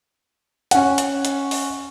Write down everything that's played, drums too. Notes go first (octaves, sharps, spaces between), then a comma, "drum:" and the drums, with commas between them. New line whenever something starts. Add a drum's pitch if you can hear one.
C#4 F#5, drum: hi-hat
drum: hi-hat
drum: hi-hat
drum: open hi-hat